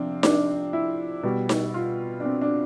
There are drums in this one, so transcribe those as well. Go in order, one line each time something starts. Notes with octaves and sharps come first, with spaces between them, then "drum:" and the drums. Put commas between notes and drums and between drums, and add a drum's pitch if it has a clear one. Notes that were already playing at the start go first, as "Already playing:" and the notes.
Already playing: C3 F3 C4 D4 F4
D4, drum: snare D#4
E4
B2 G3
drum: snare D#4
F4
D4
C4
D4